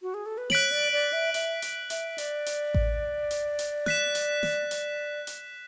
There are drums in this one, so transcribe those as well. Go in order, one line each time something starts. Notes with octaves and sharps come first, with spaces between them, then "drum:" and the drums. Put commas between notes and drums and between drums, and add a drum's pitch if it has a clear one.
F#4
G#4
A4
B4
C#5 F#6 B6 D7 F#7, drum: snare
D5
D5
E5
E5, drum: hi-hat
drum: hi-hat
E5, drum: hi-hat
D5, drum: hi-hat
drum: hi-hat
drum: kick A1
drum: hi-hat
drum: hi-hat
F#6 B6 E7, drum: snare
drum: hi-hat
drum: snare
drum: hi-hat
drum: hi-hat